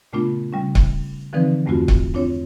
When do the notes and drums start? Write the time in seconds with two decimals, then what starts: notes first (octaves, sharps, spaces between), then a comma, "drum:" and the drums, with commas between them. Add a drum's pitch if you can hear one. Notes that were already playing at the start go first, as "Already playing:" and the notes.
0.13 A#2 C#3 A3 B3 D4 F4
0.53 C#3 G3 C#4
0.75 drum: kick C#1
1.33 D3 E3 F3 C4 D#4 B4
1.66 E2 G2 A3 C4 F4 F#4
1.88 drum: kick C#1
2.14 C4 D4 F4 C#5